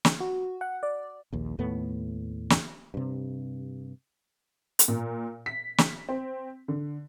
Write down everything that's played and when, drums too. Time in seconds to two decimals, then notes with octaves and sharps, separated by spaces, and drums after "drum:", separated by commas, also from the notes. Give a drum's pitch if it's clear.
0.05 drum: snare
0.21 F#4
0.61 F#5
0.83 D5
1.33 A#1 D#2
1.59 D#2 A2 A3 B3
2.50 drum: snare
2.94 G2 C3
4.79 drum: hi-hat
4.88 A#2
5.46 B6
5.78 drum: snare
6.09 C4
6.68 D3